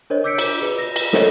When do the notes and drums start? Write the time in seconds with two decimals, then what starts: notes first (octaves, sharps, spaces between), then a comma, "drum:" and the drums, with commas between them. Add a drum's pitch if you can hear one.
0.10 D4 A#4 C5 C#5 D#5
0.24 D6 E6 G6 B6 C#7 D7
0.38 drum: cymbal
0.61 G#4 B4
0.78 A#6
0.96 drum: cymbal
1.13 A4 A#4 C5 C#5 D#5 E5, drum: snare